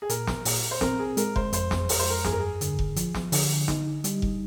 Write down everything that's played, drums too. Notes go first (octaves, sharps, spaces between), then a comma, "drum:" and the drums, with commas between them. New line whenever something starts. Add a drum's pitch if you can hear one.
G#4
A#2 A#4, drum: hi-hat
drum: snare
A#2, drum: open hi-hat
C5
C4 A#4, drum: snare
G#4
G#3 A#4, drum: hi-hat
C5, drum: kick F1
F2 C5, drum: hi-hat
drum: snare
F2 A#4, drum: open hi-hat
C5
A#4
G2 G#4, drum: snare
A#4
G#4
D3, drum: hi-hat
drum: kick F1
F3, drum: hi-hat
drum: snare
D3, drum: open hi-hat
D#4, drum: snare
G3, drum: hi-hat
drum: kick F1